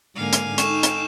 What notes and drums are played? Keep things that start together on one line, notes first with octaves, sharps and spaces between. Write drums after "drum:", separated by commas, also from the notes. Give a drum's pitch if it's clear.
G#2 D3 A#3 F5 G#5
drum: hi-hat
D#4 A4 G5 C#6 E7, drum: hi-hat
drum: hi-hat